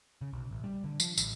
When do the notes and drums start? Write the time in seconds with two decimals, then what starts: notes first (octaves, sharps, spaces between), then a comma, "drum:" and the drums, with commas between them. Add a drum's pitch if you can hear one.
0.21 C#3
0.33 B1
0.51 A1
0.64 G3
0.84 D3
1.00 F3, drum: tambourine
1.18 A1, drum: tambourine